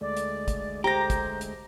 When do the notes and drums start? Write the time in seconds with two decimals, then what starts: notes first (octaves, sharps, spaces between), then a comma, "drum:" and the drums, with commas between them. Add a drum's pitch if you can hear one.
0.01 D2 G#3 A3 D5
0.17 drum: hi-hat
0.48 drum: kick, hi-hat
0.84 G4 C5 A#5 A#6
1.10 drum: kick, hi-hat
1.41 drum: hi-hat